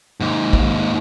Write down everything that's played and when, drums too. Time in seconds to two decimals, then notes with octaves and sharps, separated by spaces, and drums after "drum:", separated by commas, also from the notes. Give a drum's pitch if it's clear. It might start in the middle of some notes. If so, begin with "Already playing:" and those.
0.21 D#2 G#2
0.53 drum: kick